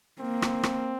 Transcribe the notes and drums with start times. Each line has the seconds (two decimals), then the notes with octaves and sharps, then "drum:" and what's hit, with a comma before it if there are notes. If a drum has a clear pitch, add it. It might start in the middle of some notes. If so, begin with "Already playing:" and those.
0.21 A#3 C4
0.42 drum: rim click
0.63 drum: rim click